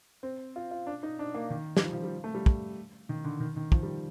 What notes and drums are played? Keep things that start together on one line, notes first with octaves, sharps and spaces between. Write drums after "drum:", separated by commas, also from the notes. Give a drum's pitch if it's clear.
C4
F4
F4
D4
D#4
D4
A#3
D#3
G3, drum: snare
F3
F3
G3
A3
G3
drum: kick
D#3
D3
D#3
D#3
F3, drum: kick
G3